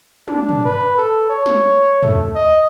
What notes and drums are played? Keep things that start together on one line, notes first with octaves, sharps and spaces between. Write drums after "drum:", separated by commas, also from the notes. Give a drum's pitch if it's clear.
D4, drum: tom
drum: tom
B4
A4
C#5
drum: snare
A3, drum: tom
D#5